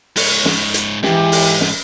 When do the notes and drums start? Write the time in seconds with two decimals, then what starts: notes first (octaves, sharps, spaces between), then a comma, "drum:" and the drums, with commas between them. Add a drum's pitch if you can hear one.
0.16 G#2 C#5, drum: open hi-hat
0.45 drum: snare
0.74 drum: hi-hat
1.03 G#2 E3 G4, drum: snare
1.32 drum: open hi-hat
1.61 drum: snare